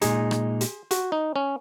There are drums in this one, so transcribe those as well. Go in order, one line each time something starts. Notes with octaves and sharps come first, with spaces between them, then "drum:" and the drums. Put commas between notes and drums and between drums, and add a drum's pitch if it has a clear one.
A#2 G#3 D#4 G#4, drum: hi-hat
drum: rim click
drum: hi-hat
F#4, drum: hi-hat
D#4
C#4